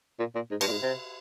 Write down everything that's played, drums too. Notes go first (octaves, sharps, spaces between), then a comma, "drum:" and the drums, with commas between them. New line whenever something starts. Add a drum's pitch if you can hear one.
A#2
A#2
G#2
G2, drum: cymbal
A#2
G#2
C3